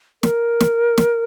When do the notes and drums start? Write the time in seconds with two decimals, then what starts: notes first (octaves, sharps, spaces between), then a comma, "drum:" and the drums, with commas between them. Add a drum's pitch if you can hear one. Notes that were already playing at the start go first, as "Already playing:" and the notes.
0.23 A#4, drum: snare
0.60 drum: snare
0.98 drum: snare